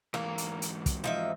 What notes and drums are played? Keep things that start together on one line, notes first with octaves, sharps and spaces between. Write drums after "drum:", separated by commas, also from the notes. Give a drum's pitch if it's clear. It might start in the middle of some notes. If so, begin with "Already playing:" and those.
G#2 E3 A#3, drum: rim click
drum: hi-hat
drum: hi-hat
drum: kick, hi-hat
F3 D#4 E5